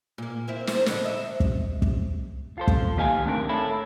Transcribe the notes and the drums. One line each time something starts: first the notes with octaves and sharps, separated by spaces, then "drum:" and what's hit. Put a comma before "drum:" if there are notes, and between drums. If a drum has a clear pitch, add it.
A#2 A#3
A#3 C4 E4
F3 A#3 C5, drum: snare
A2 D3 D#4, drum: snare
D#5 E5
drum: kick
drum: kick
F4 A4 C5
drum: kick
D#3 A#3 G4 D#5 F5 G#5
A3 C4 D4 D#4 A4 A#4
A4 C#5 E5 A5 B5